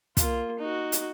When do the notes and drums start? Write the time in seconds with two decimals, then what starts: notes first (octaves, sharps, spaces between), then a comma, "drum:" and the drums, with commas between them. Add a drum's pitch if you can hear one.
0.17 A#3 F4, drum: kick, hi-hat
0.59 D#4 F#4
0.92 drum: hi-hat